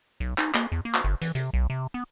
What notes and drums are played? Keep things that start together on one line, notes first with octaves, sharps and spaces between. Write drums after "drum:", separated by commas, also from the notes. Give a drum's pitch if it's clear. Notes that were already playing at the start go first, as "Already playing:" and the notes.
B1
D#4, drum: clap
A#3, drum: clap
E2
A#3
drum: clap
G1
E3, drum: hi-hat
C3, drum: hi-hat
B1
C3
B3